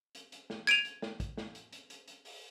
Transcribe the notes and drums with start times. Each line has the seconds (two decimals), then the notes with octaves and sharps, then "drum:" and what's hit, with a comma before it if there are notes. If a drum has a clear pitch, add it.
0.15 drum: hi-hat
0.32 drum: hi-hat
0.50 drum: snare
0.67 G#6 D7 D#7 F7
0.85 drum: hi-hat
1.02 drum: snare
1.20 drum: kick, hi-hat
1.37 drum: snare
1.55 drum: hi-hat
1.72 drum: hi-hat
1.90 drum: hi-hat
2.08 drum: hi-hat
2.25 drum: open hi-hat